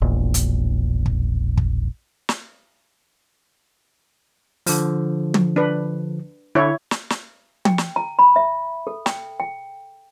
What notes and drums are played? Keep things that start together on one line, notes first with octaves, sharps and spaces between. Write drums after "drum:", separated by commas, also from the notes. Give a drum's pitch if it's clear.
E1 A#1
drum: hi-hat
drum: kick
drum: kick
drum: snare
D3 F3, drum: open hi-hat
drum: tom
D4 B4
D3 E4 C#5
drum: snare
drum: snare
G5, drum: tom
drum: snare
A#5
B5
E5
A4
G5, drum: snare
G5